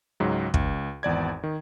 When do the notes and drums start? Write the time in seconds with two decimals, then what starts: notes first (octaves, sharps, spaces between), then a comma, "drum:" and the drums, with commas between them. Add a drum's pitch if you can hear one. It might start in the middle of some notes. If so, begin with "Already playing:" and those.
0.20 C#2 G#2 F#3
0.54 C#2, drum: kick
1.03 G#1 E2 D5 G#6
1.43 D#3